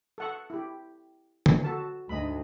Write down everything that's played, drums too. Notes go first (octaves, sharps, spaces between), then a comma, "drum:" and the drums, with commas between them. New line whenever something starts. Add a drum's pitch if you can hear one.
A4 F#5 C#6
E4 G4
drum: tom D3
F#4 A4 A5
D2 G#2 D#5 B5